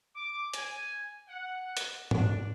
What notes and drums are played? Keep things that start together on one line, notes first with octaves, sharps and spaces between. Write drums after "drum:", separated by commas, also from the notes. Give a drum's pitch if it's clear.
D6
G#5, drum: hi-hat
F#5
drum: hi-hat
D4, drum: tom